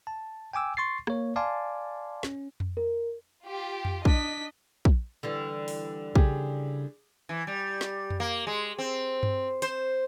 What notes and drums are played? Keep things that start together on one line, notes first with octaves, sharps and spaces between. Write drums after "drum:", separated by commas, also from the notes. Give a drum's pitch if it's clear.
A5
G5 G#5 D6 E6
C6 C#6 A6 C7
A#3 C#5, drum: rim click
D5 F5 G#5 A5 C6 D6
C#4, drum: snare
drum: tom F2
A#4
F4 G4
drum: tom F2
D4 D#5 B6, drum: kick
drum: kick
D3 E3 G3
drum: open hi-hat
C#3 G4 G#4, drum: kick
E3
G3
drum: snare
drum: tom F2
A#3
G#3
C4
drum: tom G2
C5, drum: hi-hat